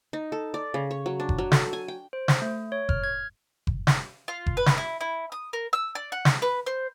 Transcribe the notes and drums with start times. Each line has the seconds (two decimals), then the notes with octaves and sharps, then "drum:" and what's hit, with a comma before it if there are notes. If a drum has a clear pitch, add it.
0.13 D#4
0.32 A4
0.54 D5
0.74 C#3
0.91 C#5
1.06 F#3
1.20 D4
1.29 drum: kick F#1
1.38 F#3
1.52 A4, drum: snare
1.73 G#5
1.88 G5
2.13 C5
2.28 drum: snare
2.42 A3
2.72 C#5
2.89 F6, drum: kick F#1
3.04 G#6
3.67 drum: kick F#1
3.87 drum: snare
4.28 F4
4.46 drum: kick F#1
4.57 B4
4.66 drum: snare
4.78 E4
5.01 E4
5.32 D#6
5.53 A#4
5.73 E6
5.95 D5
6.12 F#5
6.25 drum: snare
6.42 B4
6.66 C5